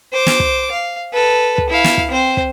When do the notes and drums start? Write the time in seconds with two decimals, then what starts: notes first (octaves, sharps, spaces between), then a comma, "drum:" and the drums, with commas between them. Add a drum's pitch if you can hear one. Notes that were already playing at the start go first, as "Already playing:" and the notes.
0.13 C5 D6
0.27 drum: snare
0.40 drum: kick
0.71 F5
1.13 A4 B4
1.58 drum: kick
1.69 E4 F5
1.84 drum: snare
1.98 drum: kick
2.11 C4 C5
2.37 drum: kick